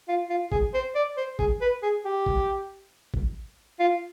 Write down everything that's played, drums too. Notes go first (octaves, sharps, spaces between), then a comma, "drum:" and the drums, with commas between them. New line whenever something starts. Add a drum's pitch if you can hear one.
F4
F4
G#4, drum: kick A1
C5
D5
C5
G#4, drum: kick A1
B4
G#4
G4
drum: kick A1
drum: kick A1
F4